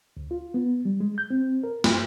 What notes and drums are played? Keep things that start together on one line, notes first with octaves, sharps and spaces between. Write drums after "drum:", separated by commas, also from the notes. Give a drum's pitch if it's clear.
D2
F4
B3
G3
G#3
G6
C4
A#4
G2, drum: snare